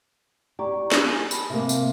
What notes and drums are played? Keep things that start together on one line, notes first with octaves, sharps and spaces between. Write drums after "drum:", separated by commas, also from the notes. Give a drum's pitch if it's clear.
G4 D5 A#5 C#6
drum: snare
G#5 A5 D#7
B5, drum: tambourine
C3 A#3 E5 F5
drum: tambourine